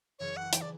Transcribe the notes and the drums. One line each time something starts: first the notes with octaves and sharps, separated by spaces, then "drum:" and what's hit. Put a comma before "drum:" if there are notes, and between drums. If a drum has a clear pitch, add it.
F#1 F#2 E3 C#5
F#5
E3 G5, drum: hi-hat
D5